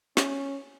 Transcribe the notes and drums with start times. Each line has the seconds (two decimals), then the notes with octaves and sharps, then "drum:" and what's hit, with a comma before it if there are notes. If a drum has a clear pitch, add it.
0.17 C#4, drum: snare